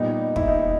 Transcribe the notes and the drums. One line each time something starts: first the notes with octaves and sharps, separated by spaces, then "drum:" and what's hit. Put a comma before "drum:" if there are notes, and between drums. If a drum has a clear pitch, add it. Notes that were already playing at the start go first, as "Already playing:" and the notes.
Already playing: A#2 G3 B3 D#4
E4, drum: kick
D#4
D#4